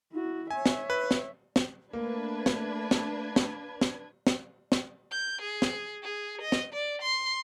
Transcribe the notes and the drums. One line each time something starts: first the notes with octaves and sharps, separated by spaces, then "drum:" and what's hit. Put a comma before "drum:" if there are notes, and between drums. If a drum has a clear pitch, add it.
E4 F#4
C#5 E5 G#5
drum: snare
B4
drum: snare
drum: snare
A3 A#3 D4 B4 G#6
drum: snare
drum: snare
drum: snare
drum: snare
drum: snare
drum: snare
G6
G#4
drum: snare
G#4
D#5
drum: snare
D5
C6